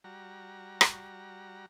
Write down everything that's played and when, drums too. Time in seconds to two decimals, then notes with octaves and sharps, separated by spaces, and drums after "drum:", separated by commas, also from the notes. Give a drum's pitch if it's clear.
0.04 G3 F#4 A#5
0.81 drum: rim click